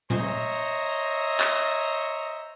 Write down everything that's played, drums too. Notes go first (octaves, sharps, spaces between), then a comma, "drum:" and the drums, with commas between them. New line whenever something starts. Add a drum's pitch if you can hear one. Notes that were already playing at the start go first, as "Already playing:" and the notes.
C5 C#5 D#5 E5 A#5, drum: tom A#2
drum: clap